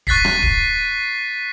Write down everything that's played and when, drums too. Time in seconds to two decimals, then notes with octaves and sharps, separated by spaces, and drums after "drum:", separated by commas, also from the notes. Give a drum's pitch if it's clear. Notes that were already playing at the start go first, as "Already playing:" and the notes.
0.07 C#6 F#6 A6 B6 C7, drum: kick
0.25 drum: rim click
0.42 drum: kick